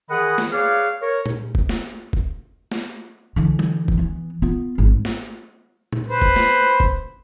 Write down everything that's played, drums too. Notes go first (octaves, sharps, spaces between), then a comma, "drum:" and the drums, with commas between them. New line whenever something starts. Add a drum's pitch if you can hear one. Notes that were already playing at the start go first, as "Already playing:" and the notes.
D#3 E3 G#4 D#5 F#5 B5
drum: snare
G#4 B4 C#5 D5 F5
A#4 C#5
drum: tom A#2
drum: kick F1
drum: snare
drum: kick F1
drum: snare
D3 E3
drum: tom F#3
drum: kick F1
E3 B3
B3 F4
G#1
drum: snare
drum: tom A#2
B4 C5
drum: kick F1
drum: snare
drum: kick F1